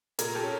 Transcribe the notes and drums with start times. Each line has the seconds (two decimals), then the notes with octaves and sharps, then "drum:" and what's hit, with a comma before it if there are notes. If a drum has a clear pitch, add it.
0.19 A#2 G#4 A#4, drum: hi-hat
0.35 G4 A4
0.43 C#4